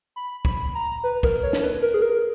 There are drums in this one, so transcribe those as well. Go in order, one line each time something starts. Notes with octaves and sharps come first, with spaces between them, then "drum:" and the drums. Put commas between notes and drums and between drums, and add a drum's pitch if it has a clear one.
B5
B5, drum: kick
A#5
B4
A#4, drum: kick
C#5
drum: snare
B4
A#4
G#4
A#4